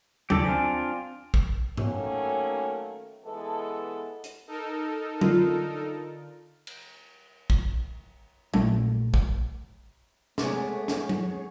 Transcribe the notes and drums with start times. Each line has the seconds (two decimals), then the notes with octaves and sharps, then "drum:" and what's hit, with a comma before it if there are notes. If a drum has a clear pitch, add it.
0.30 D#2 C#3 G4 A4 D5, drum: tom F#3
0.44 C4 D4 F4 G#5
1.34 drum: kick
1.77 D#3 F#3 A3 A#3 C#4, drum: tom G#2
3.23 E3 G#3 B3 A4
4.24 drum: hi-hat
4.47 D#4 A4 A#4
5.21 D3 F4, drum: tom F#3
6.67 drum: cymbal
7.50 drum: kick
8.54 A#1 A3, drum: tom F#3
9.14 drum: kick
10.38 C3 G#3 A3 B3 G#4 C#5 D5, drum: snare
10.88 drum: snare
11.09 drum: tom F#3